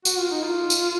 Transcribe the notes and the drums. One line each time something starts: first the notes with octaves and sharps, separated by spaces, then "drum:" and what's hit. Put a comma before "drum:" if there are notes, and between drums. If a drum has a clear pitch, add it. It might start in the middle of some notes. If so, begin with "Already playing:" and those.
F#4, drum: tambourine
F4
D#4
F4
drum: tambourine